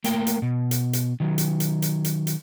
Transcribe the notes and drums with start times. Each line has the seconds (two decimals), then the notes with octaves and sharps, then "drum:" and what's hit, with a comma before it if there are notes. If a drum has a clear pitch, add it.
0.04 A3 A#3 A#4 G5, drum: hi-hat
0.27 drum: hi-hat
0.42 B2
0.71 drum: hi-hat
0.93 drum: hi-hat
1.20 D#3 F#3
1.38 drum: hi-hat
1.60 drum: hi-hat
1.82 drum: hi-hat
2.05 drum: hi-hat
2.27 drum: hi-hat